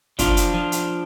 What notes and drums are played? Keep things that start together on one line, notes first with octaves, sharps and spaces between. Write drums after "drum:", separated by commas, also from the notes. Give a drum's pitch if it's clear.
F3 D4 F4, drum: kick, hi-hat
drum: hi-hat
F3
drum: hi-hat